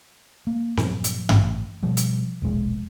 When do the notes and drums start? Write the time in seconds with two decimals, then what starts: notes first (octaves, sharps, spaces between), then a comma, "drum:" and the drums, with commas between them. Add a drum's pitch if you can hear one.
0.47 A#3
0.77 G2 A#2 F3 F#3, drum: snare C4
1.04 drum: hi-hat
1.29 A1, drum: tom G2
1.83 B2 F3 G3
1.97 drum: hi-hat
2.42 E1 A#1 G#3